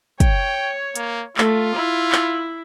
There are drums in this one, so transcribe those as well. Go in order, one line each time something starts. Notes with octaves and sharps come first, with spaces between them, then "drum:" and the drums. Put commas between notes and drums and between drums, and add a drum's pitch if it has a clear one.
C#5 G5, drum: kick, hi-hat
A#3, drum: hi-hat
A3 F4, drum: clap
E4
drum: clap